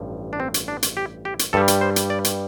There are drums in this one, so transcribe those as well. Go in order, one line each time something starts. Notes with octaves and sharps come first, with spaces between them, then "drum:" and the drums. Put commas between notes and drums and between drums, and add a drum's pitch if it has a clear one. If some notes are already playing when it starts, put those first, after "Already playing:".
Already playing: A1 G2 F3
D4
C4
drum: hi-hat
D4
drum: hi-hat
G4
G4
drum: hi-hat
G2 G3 A4
drum: hi-hat
C5
drum: hi-hat
D5
drum: hi-hat